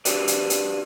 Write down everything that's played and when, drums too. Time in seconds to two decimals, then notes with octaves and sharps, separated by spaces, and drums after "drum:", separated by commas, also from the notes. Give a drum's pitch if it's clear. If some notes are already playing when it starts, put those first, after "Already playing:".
0.05 D4 F#4 G4 B4, drum: hi-hat
0.28 drum: hi-hat
0.50 drum: hi-hat